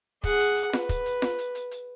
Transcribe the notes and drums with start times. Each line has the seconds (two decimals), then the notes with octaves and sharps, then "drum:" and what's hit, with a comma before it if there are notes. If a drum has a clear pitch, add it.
0.24 G#4 F#5, drum: kick, hi-hat
0.40 drum: hi-hat
0.56 drum: hi-hat
0.73 B4, drum: snare F4
0.89 drum: kick, hi-hat
1.06 drum: hi-hat
1.22 drum: snare F4
1.39 drum: hi-hat
1.55 drum: hi-hat
1.71 drum: hi-hat